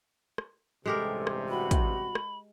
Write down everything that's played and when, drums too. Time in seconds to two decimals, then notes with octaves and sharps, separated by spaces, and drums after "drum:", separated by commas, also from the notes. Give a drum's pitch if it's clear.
0.38 drum: rim click
0.86 A1 G2 C3 G#3 G4 A4 A#4
1.27 drum: rim click
1.49 F#4 B5
1.71 drum: kick, hi-hat
2.15 drum: rim click